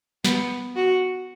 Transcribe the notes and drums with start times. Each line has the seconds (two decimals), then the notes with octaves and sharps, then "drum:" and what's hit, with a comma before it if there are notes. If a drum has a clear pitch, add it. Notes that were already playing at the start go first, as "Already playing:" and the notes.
0.25 B3, drum: snare
0.76 F#4